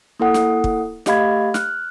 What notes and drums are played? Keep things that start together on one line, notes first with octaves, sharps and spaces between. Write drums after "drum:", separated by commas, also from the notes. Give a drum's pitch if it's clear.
A#3 E4 A4 F#5 D#6
drum: snare
drum: kick
A3 G4 D#5 F5 B5 G#6, drum: snare
F6 F#6, drum: snare